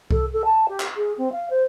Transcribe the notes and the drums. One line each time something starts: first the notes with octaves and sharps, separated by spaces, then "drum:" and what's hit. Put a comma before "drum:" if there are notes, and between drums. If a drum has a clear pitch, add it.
A4, drum: kick C2
A4
A5
G4
drum: clap
G#4
C4
F5
C5